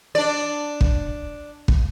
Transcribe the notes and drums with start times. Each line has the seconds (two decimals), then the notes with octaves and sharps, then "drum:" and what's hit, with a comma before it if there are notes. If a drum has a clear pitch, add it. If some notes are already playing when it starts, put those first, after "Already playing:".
0.15 D4 D5
0.81 drum: kick
1.68 drum: kick